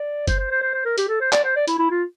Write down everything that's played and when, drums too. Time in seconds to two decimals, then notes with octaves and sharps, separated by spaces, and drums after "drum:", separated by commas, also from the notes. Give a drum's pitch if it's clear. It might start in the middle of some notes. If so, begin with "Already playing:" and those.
Already playing: D5
0.27 C5, drum: kick F#1, hi-hat
0.39 C5
0.50 C5
0.62 C5
0.74 C5
0.85 A#4
0.98 G4, drum: hi-hat
1.08 A4
1.21 C5
1.32 D5, drum: clap
1.44 C5
1.56 D5
1.68 E4, drum: hi-hat
1.79 E4
1.91 F4